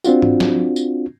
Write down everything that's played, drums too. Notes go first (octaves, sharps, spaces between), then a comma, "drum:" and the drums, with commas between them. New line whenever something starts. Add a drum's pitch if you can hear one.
C4 D4 F4 F#4, drum: tambourine
drum: tom G#2
drum: snare
drum: tambourine